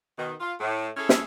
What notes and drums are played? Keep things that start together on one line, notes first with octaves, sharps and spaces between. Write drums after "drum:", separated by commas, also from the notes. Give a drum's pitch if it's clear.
B2 D#3
F4
A2
C#4 E4 G#4 A4
drum: snare